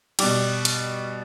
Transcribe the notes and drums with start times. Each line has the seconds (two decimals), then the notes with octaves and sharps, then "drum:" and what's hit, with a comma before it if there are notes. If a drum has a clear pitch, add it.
0.19 B2 G3 D6, drum: cymbal
0.65 drum: hi-hat